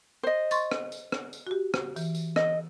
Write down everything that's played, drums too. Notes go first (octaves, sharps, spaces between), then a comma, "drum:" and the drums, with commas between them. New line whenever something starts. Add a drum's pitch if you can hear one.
C5 D#5
C6 C#6 A6, drum: tambourine
drum: rim click
drum: tambourine
drum: rim click
drum: tambourine
F#4 G4
drum: rim click
E3, drum: tambourine
drum: tambourine
D#5, drum: rim click